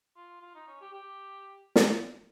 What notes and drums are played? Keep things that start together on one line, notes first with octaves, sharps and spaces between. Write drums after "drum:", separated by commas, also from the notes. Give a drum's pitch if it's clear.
F4
F4
D#4
C#4
G4
G4
drum: snare